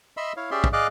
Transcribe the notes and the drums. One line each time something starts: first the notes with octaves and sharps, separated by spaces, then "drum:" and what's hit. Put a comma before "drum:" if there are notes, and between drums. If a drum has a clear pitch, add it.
D#5 E5 B5 C6 E6
E4 C#5 F5
C#4 G4 G#4 D5 E5 C6
drum: kick
G#4 D5 D#5 F5 D6 F#6